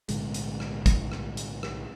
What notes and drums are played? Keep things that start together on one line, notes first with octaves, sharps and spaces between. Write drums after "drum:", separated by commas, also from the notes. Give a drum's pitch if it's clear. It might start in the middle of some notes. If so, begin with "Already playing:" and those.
B1 A2 D3 G#3, drum: hi-hat
drum: hi-hat
drum: rim click
drum: kick, hi-hat
drum: rim click
drum: hi-hat
drum: rim click